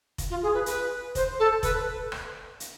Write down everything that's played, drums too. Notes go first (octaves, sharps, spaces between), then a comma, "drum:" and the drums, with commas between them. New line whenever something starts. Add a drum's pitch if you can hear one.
drum: kick F1, hi-hat
F4
G#4
B4
B4, drum: hi-hat
C5, drum: kick F1, hi-hat
A4
B4, drum: kick F1, hi-hat
drum: rim click
drum: hi-hat